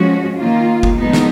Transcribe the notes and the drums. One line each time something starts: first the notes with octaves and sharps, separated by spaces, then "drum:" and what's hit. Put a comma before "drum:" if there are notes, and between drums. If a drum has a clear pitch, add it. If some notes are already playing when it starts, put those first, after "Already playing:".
Already playing: F3 G#3 C#4 F#4
D#3 A#3 F4
drum: kick F#1
F3 G#3 B3 D#4
drum: snare